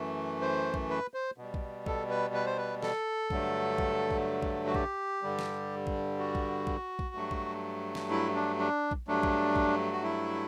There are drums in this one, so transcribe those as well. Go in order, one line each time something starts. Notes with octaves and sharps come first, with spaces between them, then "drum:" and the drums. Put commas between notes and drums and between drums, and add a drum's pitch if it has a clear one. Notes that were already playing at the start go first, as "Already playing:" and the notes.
Already playing: F#2 E3 A3
C5
drum: kick A#1
B4
C5
B2 G3
drum: kick A#1
A4, drum: kick A#1
B4
B4
C5
B4
A4, drum: snare
G2 D3 F#3 A3, drum: kick A#1
drum: kick A#1
drum: kick A#1
drum: kick A#1
F#4
G4, drum: kick A#1
G2 D3 G3
drum: snare
drum: kick A#1
F#4
drum: kick A#1
drum: kick A#1
drum: kick A#1
G2 F#3 A3
drum: kick A#1
drum: snare
E4
D4
D4
drum: kick A#1
G2 F#3 A3 D4
drum: kick A#1
drum: kick A#1
F#4
E4